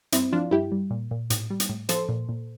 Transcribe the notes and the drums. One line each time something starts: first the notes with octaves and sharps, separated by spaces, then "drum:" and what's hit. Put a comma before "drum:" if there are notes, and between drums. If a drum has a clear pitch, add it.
G2 C4 E4, drum: hi-hat
F3 D4 F4
G2 E4 G4
G3
A#2
A#2
A2, drum: hi-hat
G3
drum: hi-hat
A2
F3 A4 C5, drum: hi-hat
A#2
A#2